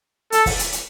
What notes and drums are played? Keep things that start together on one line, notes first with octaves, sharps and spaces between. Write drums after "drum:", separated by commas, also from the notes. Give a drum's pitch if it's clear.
A4, drum: hi-hat
drum: kick, open hi-hat
drum: hi-hat
drum: hi-hat